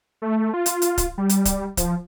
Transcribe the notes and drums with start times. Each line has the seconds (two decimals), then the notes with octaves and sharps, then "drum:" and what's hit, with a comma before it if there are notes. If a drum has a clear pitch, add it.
0.22 A3
0.54 F4
0.66 drum: hi-hat
0.82 drum: hi-hat
0.98 drum: kick C#1, hi-hat
1.18 G3
1.29 drum: hi-hat
1.45 drum: kick C#1, hi-hat
1.77 F3, drum: kick C#1, hi-hat